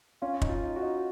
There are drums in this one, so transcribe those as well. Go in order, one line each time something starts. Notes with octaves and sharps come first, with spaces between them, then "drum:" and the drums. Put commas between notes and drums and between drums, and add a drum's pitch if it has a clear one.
C#4 F4
D#4, drum: kick
F4
D#4
F#4
D#4